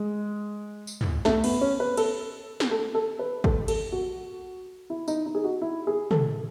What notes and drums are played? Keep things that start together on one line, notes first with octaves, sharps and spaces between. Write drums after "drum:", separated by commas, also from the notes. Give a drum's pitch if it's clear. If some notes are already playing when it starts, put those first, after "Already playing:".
Already playing: G#3
drum: tambourine
drum: tom
A3, drum: snare
B3, drum: cymbal
C#4
B4
A4, drum: cymbal
drum: snare
A4
A4
B4
A4, drum: kick A1
A4, drum: cymbal
F#4
E4
D#4, drum: tambourine
D#4
G#4
F#4
E4
G#4
A4, drum: tom